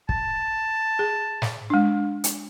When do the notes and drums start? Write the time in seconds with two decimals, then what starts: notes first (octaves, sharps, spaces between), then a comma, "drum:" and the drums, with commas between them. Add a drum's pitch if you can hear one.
0.09 A5, drum: kick
0.99 G#4
1.42 drum: snare
1.70 G#3 D4
2.24 drum: hi-hat